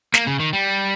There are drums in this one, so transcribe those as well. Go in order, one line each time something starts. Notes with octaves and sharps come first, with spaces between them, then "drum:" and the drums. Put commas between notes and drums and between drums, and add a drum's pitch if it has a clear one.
A#3, drum: snare
C#3
D#3
G3